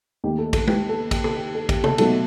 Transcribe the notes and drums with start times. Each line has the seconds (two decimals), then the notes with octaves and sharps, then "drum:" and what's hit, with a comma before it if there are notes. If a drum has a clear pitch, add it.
0.24 D#2 D#3 A3 G4
0.38 A4
0.53 A4, drum: kick, cymbal
0.67 G4 B4, drum: tom G#3
0.89 A4
1.11 G4, drum: kick, cymbal
1.24 A4, drum: tom C3
1.37 G4
1.55 A4
1.69 G4, drum: kick, cymbal
1.84 A4, drum: tom C3
1.98 B1 B2 F#3 A3 A4, drum: cymbal